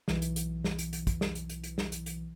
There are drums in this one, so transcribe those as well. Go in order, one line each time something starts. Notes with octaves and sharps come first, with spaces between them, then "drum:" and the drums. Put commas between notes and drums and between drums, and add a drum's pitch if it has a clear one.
B1 E3, drum: snare
drum: hi-hat
drum: hi-hat
drum: snare
drum: hi-hat
drum: hi-hat
drum: kick, hi-hat
drum: snare
drum: hi-hat
drum: hi-hat
drum: hi-hat
drum: snare
drum: hi-hat
drum: hi-hat